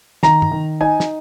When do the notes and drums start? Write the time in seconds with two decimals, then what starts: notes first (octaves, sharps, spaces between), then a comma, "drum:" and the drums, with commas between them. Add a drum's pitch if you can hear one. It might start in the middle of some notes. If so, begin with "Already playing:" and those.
0.23 D#3 A#5, drum: snare
0.42 drum: tom
0.51 D#3
0.81 D#4 G#5
1.00 drum: snare